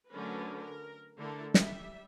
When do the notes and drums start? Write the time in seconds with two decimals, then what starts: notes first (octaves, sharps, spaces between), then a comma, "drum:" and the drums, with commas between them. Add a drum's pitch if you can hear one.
0.10 D3 F#3 A3 C#4 A#4 B4
0.61 A#4
1.18 D3 A3 E4 A4 A#4
1.54 G3 E5, drum: snare